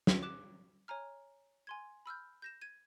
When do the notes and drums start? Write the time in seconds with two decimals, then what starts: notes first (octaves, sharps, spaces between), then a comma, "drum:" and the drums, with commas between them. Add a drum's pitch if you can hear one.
0.07 drum: snare
0.23 D6 F#6 E7
0.88 C#5 G#5 A#5 F6
1.67 G#5 C6 G#6
2.06 B5 E6 F6 G6
2.42 G6 A#6 E7
2.61 G#6 D#7